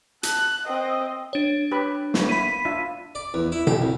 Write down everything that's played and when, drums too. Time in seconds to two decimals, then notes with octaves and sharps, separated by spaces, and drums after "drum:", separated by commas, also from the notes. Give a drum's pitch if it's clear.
0.23 A5 F#6, drum: hi-hat
0.63 C4 D#5
1.33 D4 C#5
1.72 G4 B4 B5
2.14 A3 B3, drum: snare
2.29 A#3 E4 B5 B6 D#7
2.65 D4 F4 E5
3.15 D5
3.34 E2
3.52 E4
3.67 G4, drum: tom B2
3.82 C2